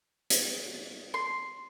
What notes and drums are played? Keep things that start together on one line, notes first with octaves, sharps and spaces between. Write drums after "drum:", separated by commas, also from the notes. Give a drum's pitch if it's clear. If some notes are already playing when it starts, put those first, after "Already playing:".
drum: hi-hat
C6